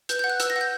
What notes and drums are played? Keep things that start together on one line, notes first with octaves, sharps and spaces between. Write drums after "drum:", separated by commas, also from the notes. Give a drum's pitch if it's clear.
B4 G6, drum: hi-hat
G6
F#5
F#6
B4 E6, drum: hi-hat
A#6
F#5
G6